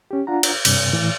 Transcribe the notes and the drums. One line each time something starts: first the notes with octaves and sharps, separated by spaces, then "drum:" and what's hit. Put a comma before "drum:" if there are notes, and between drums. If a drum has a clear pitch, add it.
C#4 G4
D4 F4 F#5 A#5
drum: cymbal
G2 C3, drum: cymbal
A2 E3